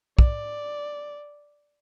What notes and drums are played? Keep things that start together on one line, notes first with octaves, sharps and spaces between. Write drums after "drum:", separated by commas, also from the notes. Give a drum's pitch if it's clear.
D5, drum: kick